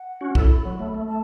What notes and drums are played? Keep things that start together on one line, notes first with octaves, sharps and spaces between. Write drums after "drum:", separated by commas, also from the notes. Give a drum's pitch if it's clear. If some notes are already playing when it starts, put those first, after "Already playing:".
Already playing: F#5
C#4 F#4
E4 A4, drum: kick
B5
F#3
A3
A3
A5